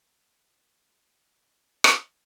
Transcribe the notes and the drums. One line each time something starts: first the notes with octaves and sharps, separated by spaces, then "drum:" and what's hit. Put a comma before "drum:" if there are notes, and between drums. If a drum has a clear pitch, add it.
C#6 D#6 G6 A6 D#7 F#7
drum: rim click